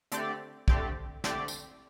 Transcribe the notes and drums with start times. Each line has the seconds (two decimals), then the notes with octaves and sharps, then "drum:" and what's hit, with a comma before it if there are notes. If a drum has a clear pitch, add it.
0.12 D3 A3 C4 G4 D5, drum: hi-hat
0.68 D3 A3 C4 G4 D5, drum: kick
1.24 D3 A3 C4 G4 D5, drum: snare
1.48 drum: tambourine